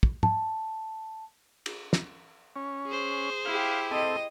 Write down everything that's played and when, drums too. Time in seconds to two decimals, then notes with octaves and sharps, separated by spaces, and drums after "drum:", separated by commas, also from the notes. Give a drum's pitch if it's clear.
0.03 drum: kick
0.23 A5, drum: tom
1.66 drum: cymbal
1.93 drum: snare
2.56 C#4
2.87 G#4 C5
3.45 E4 G4 F5
3.91 C4 A4 D#5